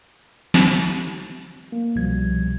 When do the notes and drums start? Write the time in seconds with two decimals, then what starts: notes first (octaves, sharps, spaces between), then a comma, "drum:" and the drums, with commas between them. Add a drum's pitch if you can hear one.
0.54 drum: snare
1.72 A#3
1.95 C2 B2 F3 G3 G#6